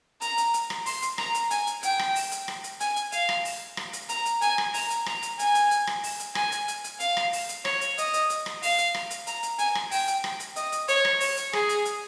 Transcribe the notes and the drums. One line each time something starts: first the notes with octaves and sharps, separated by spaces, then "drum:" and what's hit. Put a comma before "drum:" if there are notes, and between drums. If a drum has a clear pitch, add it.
A#5, drum: hi-hat
drum: hi-hat
drum: hi-hat
drum: rim click
C6, drum: open hi-hat
drum: hi-hat
A#5, drum: rim click
drum: hi-hat
G#5, drum: hi-hat
drum: hi-hat
G5, drum: hi-hat
drum: rim click
drum: open hi-hat
drum: hi-hat
drum: rim click
drum: hi-hat
G#5, drum: hi-hat
drum: hi-hat
F5, drum: hi-hat
drum: rim click
drum: open hi-hat
drum: rim click
drum: hi-hat
A#5, drum: hi-hat
drum: hi-hat
G#5, drum: hi-hat
drum: rim click
A#5, drum: open hi-hat
drum: hi-hat
A#5, drum: rim click
drum: hi-hat
G#5, drum: hi-hat
drum: hi-hat
drum: hi-hat
drum: rim click
drum: open hi-hat
drum: hi-hat
G#5, drum: rim click
drum: hi-hat
drum: hi-hat
drum: hi-hat
F5, drum: hi-hat
drum: rim click
drum: open hi-hat
drum: hi-hat
C#5, drum: rim click
drum: hi-hat
D#5, drum: hi-hat
drum: hi-hat
drum: hi-hat
drum: rim click
F5, drum: open hi-hat
drum: hi-hat
drum: rim click
drum: hi-hat
A#5, drum: hi-hat
drum: hi-hat
G#5, drum: hi-hat
drum: rim click
G5, drum: open hi-hat
drum: hi-hat
drum: rim click
drum: hi-hat
D#5, drum: hi-hat
drum: hi-hat
C#5, drum: hi-hat
drum: rim click
C#5, drum: open hi-hat
drum: hi-hat
G#4, drum: rim click
drum: hi-hat
drum: hi-hat